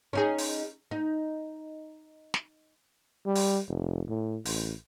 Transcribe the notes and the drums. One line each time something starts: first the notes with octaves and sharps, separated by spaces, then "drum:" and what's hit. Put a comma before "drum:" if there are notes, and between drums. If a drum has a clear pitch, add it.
C#4 D#4 G#4
drum: open hi-hat
D#4
drum: snare
G3
drum: open hi-hat
F1
A2
A1, drum: open hi-hat